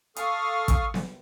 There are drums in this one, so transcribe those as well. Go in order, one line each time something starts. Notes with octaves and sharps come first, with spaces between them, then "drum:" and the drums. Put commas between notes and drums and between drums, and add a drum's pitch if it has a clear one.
A4 F5 C#6 D#6 F6, drum: hi-hat
drum: kick, hi-hat
drum: snare B3